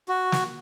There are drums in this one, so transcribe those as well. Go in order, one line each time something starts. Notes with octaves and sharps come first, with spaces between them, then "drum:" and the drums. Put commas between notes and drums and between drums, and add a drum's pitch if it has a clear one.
F#4
drum: snare